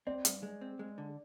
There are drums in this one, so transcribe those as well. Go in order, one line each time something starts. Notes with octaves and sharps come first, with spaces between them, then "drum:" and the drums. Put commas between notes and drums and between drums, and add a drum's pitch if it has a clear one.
C4 D5
G2, drum: hi-hat
G#3
C4
G#3
D3